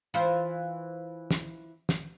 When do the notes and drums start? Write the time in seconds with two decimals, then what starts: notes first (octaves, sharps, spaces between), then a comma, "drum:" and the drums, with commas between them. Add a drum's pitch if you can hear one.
0.14 E3 F4 C5
1.31 drum: snare
1.89 drum: snare